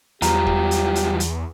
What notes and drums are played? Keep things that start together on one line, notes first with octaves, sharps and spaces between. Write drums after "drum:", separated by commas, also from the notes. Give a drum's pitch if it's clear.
E2 F#3 G3 F4 G4 A#5, drum: hi-hat
drum: kick
drum: hi-hat
drum: hi-hat
drum: hi-hat